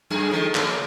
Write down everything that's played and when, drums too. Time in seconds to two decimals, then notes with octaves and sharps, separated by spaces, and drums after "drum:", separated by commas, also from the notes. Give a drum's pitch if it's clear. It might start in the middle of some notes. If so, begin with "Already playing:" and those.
0.10 F#2 A3 G#4
0.31 D#3 F3
0.55 C#3 A3 A#3, drum: clap